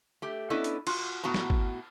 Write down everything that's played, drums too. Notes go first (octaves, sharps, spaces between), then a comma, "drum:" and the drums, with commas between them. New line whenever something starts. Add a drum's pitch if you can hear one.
A3 G4
B3 C#4 D4 E4 A4 D#5
drum: hi-hat
F4 F#4, drum: cymbal
A2 B3 F#4 A5 A#5
drum: snare
drum: kick